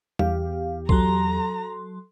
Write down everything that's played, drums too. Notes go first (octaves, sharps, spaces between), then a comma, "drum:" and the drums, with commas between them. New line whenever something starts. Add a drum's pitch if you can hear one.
E2 G4 F5, drum: tom
F#3 A4 A#5 C6, drum: kick B1